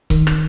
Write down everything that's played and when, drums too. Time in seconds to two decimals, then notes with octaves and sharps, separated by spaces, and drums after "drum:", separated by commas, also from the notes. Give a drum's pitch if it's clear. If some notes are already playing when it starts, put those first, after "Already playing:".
0.10 D#3, drum: kick C#1, hi-hat
0.27 drum: rim click